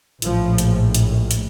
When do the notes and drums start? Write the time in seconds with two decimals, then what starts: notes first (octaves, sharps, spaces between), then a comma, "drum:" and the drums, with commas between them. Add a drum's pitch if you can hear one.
0.22 A#1 A2 F3, drum: hi-hat
0.58 drum: hi-hat
0.95 drum: hi-hat
1.31 drum: hi-hat